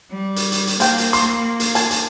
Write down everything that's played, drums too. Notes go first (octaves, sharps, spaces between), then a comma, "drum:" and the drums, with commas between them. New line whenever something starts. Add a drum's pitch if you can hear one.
G3
drum: hi-hat
drum: hi-hat
drum: hi-hat
F3 A#3 G5, drum: hi-hat
drum: hi-hat
C6, drum: hi-hat
drum: hi-hat
G#5 A5, drum: hi-hat
drum: hi-hat